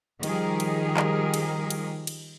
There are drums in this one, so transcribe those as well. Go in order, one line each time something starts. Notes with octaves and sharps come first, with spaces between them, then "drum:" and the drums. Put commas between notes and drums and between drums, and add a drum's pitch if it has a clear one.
D#3 F3 G3 G4 G#4 A#4, drum: cymbal
drum: cymbal
drum: clap
drum: cymbal
drum: cymbal
drum: cymbal